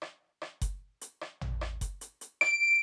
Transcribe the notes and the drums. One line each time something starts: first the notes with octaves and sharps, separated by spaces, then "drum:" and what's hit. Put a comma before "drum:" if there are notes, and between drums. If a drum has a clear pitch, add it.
drum: rim click
drum: rim click
drum: kick F#1, hi-hat
drum: hi-hat
drum: rim click
drum: tom
drum: rim click
drum: kick F#1, hi-hat
drum: hi-hat
drum: hi-hat
D7, drum: rim click